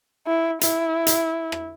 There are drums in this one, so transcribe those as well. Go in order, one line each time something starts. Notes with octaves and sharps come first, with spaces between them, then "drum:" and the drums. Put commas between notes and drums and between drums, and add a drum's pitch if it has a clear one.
E4
E4, drum: hi-hat
drum: hi-hat
drum: rim click